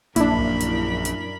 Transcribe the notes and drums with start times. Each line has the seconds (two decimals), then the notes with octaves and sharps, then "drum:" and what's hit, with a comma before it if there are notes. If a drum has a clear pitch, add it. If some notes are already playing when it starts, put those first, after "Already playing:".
0.16 A#1 F#2 A#3 D4 E4 A#4 B5, drum: hi-hat
0.38 drum: kick
0.60 drum: hi-hat
1.05 drum: hi-hat